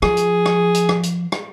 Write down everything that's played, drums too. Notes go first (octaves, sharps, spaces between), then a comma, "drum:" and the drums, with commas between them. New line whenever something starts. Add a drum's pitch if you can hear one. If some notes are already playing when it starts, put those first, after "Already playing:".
F3 G#4, drum: rim click
drum: hi-hat
drum: rim click
drum: hi-hat
drum: rim click
drum: hi-hat
drum: rim click